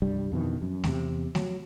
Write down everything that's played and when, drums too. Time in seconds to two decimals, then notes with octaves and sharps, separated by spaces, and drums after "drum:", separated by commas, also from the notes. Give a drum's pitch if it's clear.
0.02 C2 G2 G3
0.32 F2 B2 D#3 E3
0.62 F#2
0.84 E2 C3, drum: snare A3
1.35 F#3, drum: snare A3